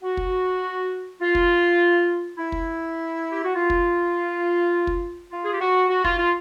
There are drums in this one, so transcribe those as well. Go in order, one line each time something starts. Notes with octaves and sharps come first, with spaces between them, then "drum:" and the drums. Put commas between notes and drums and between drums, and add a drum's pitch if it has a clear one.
F#4
drum: kick
F4
drum: kick
E4
drum: kick
G4
F#4
F4
drum: kick
drum: kick
F4
G#4
G4
F#4
F#4
F4, drum: kick
F4